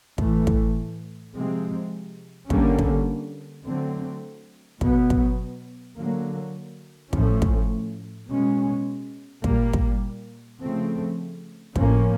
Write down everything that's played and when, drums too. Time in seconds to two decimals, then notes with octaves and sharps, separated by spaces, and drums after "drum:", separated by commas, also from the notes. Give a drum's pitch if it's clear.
0.18 A2 E3 A3, drum: kick
0.47 drum: kick
1.34 C3 F3 G#3 C4
2.50 D3 G3 A#3 C#4, drum: kick
2.79 drum: kick
3.65 D3 F#3 A3 C4
4.81 B2 F#3 B3, drum: kick
5.10 drum: kick
5.97 D3 F#3 A#3
7.13 A2 F3 A3 C#4, drum: kick
7.42 drum: kick
8.29 B2 G#3 C#4
9.44 A#2 G3 A#3, drum: kick
9.73 drum: kick
10.60 C#3 F3 A3 C4
11.76 A2 F3 A#3 C#4, drum: kick